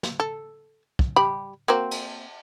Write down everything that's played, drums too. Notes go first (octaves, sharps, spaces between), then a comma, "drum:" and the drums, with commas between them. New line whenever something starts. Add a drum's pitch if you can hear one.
drum: snare
A4
drum: kick
G3 G4 B5
A#3 C4 F#4
drum: cymbal